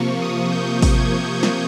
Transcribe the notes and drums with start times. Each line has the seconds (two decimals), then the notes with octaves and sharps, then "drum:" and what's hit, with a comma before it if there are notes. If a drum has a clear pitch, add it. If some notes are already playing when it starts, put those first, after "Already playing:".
Already playing: C3 F3 A#3 C#6
0.22 D#6
0.52 G6
0.82 drum: kick, open hi-hat
0.98 G#6
1.43 drum: snare